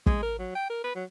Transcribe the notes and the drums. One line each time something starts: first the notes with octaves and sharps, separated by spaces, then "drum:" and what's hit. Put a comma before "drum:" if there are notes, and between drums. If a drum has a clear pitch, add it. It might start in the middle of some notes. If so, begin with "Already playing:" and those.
G#3, drum: kick
A#4
F#3
G5
A#4
B4
F#3